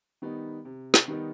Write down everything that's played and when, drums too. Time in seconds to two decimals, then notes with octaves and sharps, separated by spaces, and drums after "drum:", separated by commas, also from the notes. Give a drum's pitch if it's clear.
0.22 D#3 G3 B3 D#4
0.65 C3
0.94 drum: snare
1.08 D#3 G3 B3 D#4